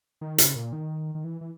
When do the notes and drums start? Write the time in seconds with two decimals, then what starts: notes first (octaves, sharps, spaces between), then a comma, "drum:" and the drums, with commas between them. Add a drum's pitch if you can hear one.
0.21 D#3
0.38 C#3, drum: hi-hat
0.56 A#2
0.73 D#3
1.15 D#3
1.24 E3
1.41 E3